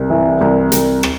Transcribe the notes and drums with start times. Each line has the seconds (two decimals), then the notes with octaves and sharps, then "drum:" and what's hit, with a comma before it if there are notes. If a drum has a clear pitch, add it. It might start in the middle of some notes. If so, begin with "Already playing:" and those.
Already playing: C2
0.10 E3
0.41 C2
0.72 C2, drum: hi-hat
1.03 drum: rim click